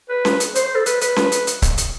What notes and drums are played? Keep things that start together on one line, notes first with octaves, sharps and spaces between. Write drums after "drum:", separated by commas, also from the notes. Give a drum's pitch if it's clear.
B4
drum: snare C#4
drum: hi-hat
C5, drum: hi-hat
C5
A4
B4, drum: hi-hat
B4, drum: hi-hat
drum: snare C#4
drum: hi-hat
drum: hi-hat
drum: kick C#1, hi-hat
drum: hi-hat